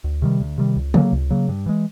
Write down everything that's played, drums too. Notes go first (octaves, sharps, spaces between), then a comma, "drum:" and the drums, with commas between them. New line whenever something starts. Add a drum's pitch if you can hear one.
D2
C3 D#3 G3
D2
C3 D#3 G3
C#2
C#3 F#3 A#3, drum: tom
C#2
C#3 F#3 A#3
G2
E3 G#3